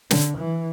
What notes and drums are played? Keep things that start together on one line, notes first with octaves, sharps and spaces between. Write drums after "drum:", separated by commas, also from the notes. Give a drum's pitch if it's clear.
D3, drum: snare
E3